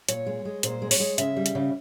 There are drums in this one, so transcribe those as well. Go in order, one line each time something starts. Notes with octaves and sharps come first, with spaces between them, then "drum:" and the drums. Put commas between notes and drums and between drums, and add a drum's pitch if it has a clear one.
A#2 C#5, drum: hi-hat
G#3
G#3
A#2 C5, drum: hi-hat
G#3
C#5, drum: open hi-hat
G#3
C#3 E5, drum: hi-hat
G3
drum: hi-hat
C#3